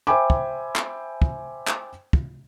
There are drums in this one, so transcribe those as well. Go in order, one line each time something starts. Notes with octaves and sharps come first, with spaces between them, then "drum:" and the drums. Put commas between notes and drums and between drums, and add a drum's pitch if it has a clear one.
C5 E5 G5 G#5 B5 D6
drum: kick
drum: clap
drum: kick
drum: clap
drum: kick